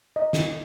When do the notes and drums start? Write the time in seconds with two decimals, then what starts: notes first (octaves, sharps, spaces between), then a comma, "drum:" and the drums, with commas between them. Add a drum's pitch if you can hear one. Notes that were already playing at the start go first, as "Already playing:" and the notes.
0.16 D#5
0.33 drum: snare